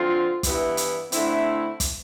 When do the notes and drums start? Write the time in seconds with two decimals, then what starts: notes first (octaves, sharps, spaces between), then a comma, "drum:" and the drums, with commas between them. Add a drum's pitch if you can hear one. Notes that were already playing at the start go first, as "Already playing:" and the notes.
Already playing: D3 F3 C4 F4
0.43 G2 E3 B3 E4, drum: kick, hi-hat
0.77 drum: hi-hat
1.12 D3 A3 C4 E4, drum: hi-hat
1.80 drum: kick, hi-hat